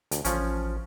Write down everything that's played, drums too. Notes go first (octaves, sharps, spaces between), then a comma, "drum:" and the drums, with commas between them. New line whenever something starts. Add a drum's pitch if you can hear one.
D2, drum: hi-hat
A1 F3 C#4, drum: hi-hat